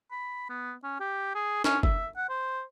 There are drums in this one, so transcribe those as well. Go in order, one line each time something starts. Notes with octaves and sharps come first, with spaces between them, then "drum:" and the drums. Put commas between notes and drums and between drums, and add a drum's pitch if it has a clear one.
B5
B3
C#4
G4
G#4
C#4, drum: snare
E5, drum: kick F#1
F#5
C5